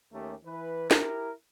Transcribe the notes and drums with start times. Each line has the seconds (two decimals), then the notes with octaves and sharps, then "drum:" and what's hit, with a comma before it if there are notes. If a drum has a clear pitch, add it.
0.12 D#2 A3 C#4 G4 A#4
0.45 E3 B4
0.91 E4 G4 A#4, drum: snare